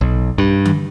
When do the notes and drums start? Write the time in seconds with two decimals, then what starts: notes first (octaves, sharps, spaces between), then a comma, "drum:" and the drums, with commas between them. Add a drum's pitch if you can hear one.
0.01 B1
0.38 G2
0.65 drum: tom D3